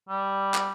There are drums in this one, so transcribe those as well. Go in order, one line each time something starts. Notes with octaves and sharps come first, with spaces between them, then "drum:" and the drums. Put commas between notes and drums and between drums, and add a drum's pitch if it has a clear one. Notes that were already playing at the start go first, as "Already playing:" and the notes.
G3
drum: clap